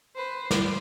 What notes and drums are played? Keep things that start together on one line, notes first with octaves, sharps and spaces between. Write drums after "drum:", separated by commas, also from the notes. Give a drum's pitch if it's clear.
B4 C5
drum: snare